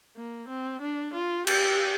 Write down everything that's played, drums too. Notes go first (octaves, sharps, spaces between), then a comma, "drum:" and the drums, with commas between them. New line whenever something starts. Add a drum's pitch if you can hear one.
A#3
C4
D4
F4
G4, drum: cymbal